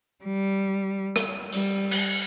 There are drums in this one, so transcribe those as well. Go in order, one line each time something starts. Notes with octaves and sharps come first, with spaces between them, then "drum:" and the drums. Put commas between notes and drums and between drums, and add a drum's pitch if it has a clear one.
G3
drum: rim click
G3, drum: hi-hat
drum: cymbal